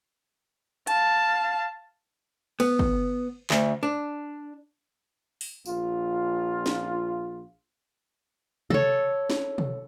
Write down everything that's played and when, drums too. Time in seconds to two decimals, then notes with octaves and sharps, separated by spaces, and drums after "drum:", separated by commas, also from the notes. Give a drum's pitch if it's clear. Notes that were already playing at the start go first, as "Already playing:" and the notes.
0.87 F5 A5, drum: hi-hat
2.60 B3, drum: cymbal
2.79 drum: kick
3.50 D2, drum: clap
3.83 D4
5.41 drum: open hi-hat
5.65 A#1 F4, drum: tambourine
6.66 drum: snare
8.70 A4 C#5, drum: tom C3
9.30 drum: snare
9.58 drum: tom B2